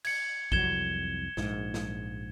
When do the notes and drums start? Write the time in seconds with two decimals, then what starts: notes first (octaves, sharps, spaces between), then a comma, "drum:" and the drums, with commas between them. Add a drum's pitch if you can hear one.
0.05 G#6 C#7, drum: cymbal
0.52 C2 F2 F#3 G#6 E7 G7, drum: kick A1
1.37 A#1 G#2, drum: snare
1.74 drum: snare